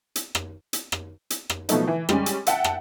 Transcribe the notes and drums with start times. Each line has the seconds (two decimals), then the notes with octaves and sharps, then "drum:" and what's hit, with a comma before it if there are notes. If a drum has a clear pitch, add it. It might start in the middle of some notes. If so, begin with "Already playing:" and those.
0.16 drum: hi-hat
0.35 drum: rim click
0.73 drum: hi-hat
0.92 drum: rim click
1.30 drum: hi-hat
1.50 drum: rim click
1.69 B2 F3 F#3 A3 D#4, drum: hi-hat
1.87 E3
2.09 G3 G#3 C#4, drum: rim click
2.26 drum: hi-hat
2.46 E5 F#5 G5 A5, drum: hi-hat
2.64 drum: rim click